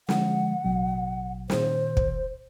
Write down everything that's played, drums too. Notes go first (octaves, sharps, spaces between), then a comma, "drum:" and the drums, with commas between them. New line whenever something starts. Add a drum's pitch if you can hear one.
D3 F3 G#3 F#5, drum: snare
A1 B2 F#3
A#2 D#3 C5, drum: snare
drum: kick